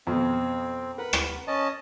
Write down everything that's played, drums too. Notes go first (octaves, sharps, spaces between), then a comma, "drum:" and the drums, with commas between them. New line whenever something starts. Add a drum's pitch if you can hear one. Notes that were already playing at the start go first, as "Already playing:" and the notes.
F2 B2 C4
A#4 B4 F#5
drum: rim click
C#4 D#5 A5